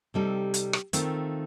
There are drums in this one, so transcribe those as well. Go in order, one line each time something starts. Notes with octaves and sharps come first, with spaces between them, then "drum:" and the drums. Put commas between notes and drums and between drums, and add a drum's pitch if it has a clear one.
C3 G3 C4 D#4 A4
drum: hi-hat
drum: rim click
D#3 A3 C4 F4, drum: hi-hat